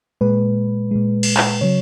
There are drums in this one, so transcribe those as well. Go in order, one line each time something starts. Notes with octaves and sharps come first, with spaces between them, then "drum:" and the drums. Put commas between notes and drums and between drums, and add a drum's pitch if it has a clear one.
A#2 G#3 B4
A#2 G#3
drum: cymbal
drum: clap
C#3 F#3 C#5